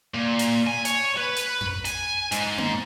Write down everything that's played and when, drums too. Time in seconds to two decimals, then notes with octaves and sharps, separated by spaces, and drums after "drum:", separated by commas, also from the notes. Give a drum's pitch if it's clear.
0.14 A#2
0.39 drum: hi-hat
0.67 G#5
0.85 C#5, drum: hi-hat
1.17 B4
1.36 drum: hi-hat
1.61 drum: tom F2
1.85 G#5, drum: hi-hat
2.32 G#2, drum: hi-hat
2.58 drum: tom A#3